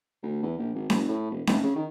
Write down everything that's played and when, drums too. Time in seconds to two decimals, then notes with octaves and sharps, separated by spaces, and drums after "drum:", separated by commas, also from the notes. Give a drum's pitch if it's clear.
0.23 D2
0.43 E2
0.58 A#1
0.74 G#1
0.90 F#1, drum: snare C#4
1.08 A2
1.31 E1
1.47 F1, drum: snare C#4
1.63 C#3
1.75 D#3